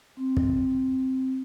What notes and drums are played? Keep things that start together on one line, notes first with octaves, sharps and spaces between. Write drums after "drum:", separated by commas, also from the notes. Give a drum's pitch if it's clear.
C4
drum: kick